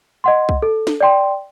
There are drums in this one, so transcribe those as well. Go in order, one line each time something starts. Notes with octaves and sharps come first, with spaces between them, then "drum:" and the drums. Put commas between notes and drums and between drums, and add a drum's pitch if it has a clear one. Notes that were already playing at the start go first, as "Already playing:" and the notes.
D#5 F#5 C6
drum: kick C2
A4
drum: snare D4
D5 G5 C6